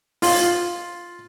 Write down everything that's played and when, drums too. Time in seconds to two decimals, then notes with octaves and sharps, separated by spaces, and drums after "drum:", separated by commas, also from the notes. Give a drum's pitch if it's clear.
0.22 F4, drum: open hi-hat